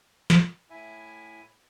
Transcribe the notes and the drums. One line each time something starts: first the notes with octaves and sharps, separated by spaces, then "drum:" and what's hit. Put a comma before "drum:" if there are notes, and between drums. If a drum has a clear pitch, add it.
drum: snare
A2 E4 E5 G#5